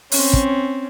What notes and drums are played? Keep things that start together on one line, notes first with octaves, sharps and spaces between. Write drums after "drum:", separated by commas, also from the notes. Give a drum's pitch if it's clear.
C4 C#4, drum: open hi-hat
drum: kick